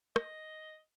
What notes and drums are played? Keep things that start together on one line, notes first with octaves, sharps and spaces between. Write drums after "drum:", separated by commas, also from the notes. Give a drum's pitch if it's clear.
D#5, drum: rim click